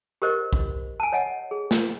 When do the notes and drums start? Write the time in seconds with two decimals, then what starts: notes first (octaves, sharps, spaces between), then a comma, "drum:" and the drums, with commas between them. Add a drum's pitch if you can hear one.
0.22 G4 A#4 C5 D#5
0.53 drum: kick
1.00 G#5 A5
1.12 C#5 D#5 F#5 G#5
1.51 G#4
1.71 drum: snare